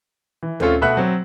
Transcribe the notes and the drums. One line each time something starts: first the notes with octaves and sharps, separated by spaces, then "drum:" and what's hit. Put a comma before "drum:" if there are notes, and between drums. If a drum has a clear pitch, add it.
E3
A3 C4 C#4 F4 A4, drum: tom D2
B2 A3 B4 E5 F#5 F#6
F#3 C4